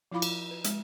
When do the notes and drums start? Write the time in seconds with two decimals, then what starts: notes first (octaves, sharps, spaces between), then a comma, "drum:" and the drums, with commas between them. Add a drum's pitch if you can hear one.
0.12 F3 E4 F4 F5 B5 D6
0.22 drum: cymbal
0.51 B4
0.64 G#3, drum: hi-hat